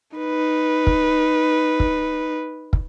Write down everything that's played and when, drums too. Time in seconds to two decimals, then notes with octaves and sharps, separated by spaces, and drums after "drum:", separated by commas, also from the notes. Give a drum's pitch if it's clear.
0.17 D#4 B4
0.87 drum: kick
1.80 drum: kick
2.73 drum: kick